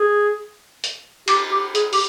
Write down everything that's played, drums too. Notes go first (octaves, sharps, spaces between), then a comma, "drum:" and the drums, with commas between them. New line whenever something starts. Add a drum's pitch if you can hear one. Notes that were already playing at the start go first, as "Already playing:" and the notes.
Already playing: G#4
drum: hi-hat
G4, drum: cymbal
G4
G#4, drum: hi-hat
G4, drum: open hi-hat